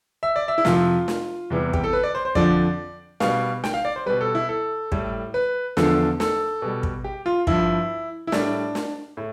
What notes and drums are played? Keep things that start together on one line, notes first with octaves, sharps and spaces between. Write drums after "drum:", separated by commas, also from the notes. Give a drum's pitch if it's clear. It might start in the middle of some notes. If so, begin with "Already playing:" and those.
E5
D5
E5
E4
F2 C3 F3 F4, drum: snare
drum: snare
E2 C3 E3 G3
G4, drum: kick
A4
B4
D5
C5
C5
F2 D3 F3 D5, drum: kick
B2 G3 F5, drum: snare
G5, drum: snare
F5
D5
C5
B2 G3 B4
A4
E4
A4
A2 G3, drum: kick
B4
E2 D3 F3 A4, drum: snare
A4, drum: snare
B2 G3
drum: kick
G4
F4
G2 F3 E4, drum: kick
E4
A2 G3 D4, drum: snare
drum: snare
A2